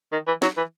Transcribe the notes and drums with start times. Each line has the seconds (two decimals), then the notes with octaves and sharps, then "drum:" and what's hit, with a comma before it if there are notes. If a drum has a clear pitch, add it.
0.12 D#3
0.27 E3
0.42 F#3, drum: snare
0.57 E3